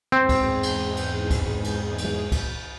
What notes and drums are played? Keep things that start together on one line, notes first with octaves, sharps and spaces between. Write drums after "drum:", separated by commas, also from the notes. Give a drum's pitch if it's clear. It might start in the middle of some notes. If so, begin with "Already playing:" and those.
E2 G#2 C4 G#4
drum: kick, cymbal
drum: cymbal
drum: cymbal
drum: kick, cymbal
drum: cymbal
drum: cymbal
drum: kick, cymbal